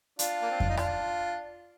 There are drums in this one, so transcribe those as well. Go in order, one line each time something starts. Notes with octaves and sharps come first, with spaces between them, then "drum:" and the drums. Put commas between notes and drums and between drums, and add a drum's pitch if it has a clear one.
D4 F4, drum: hi-hat
A#3
C4
D4, drum: kick F2
D#4
D4 F4, drum: rim click